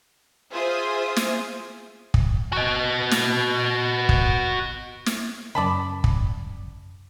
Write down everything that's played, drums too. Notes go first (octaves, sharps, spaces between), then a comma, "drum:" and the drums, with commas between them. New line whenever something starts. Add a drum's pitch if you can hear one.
F4 G#4 C5 E5 D#6
drum: snare
drum: kick
F#4 D#5
drum: snare
drum: kick
drum: snare
F#2 C#3 D5 A5 B5
drum: kick